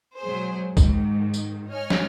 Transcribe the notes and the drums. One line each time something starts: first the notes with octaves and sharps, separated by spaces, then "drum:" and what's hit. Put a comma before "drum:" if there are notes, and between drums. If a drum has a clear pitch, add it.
B2 F#3 G#3 G#4 C5
G#2 D#3, drum: kick, tambourine
drum: tambourine
C#5 D#5 G#5 F6
drum: snare